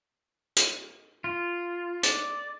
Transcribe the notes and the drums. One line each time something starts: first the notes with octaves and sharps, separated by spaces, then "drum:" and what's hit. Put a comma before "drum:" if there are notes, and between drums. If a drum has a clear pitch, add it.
drum: hi-hat
F4
D5, drum: hi-hat